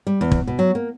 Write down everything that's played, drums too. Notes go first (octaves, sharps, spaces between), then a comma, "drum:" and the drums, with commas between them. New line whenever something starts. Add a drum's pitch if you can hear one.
G3
E2
drum: kick
B2
F#3
A#3